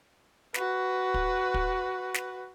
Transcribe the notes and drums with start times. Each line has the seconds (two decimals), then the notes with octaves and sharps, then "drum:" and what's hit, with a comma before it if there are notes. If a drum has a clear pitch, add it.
0.54 F#4 B4, drum: snare
1.14 drum: kick
1.54 drum: kick
2.14 drum: snare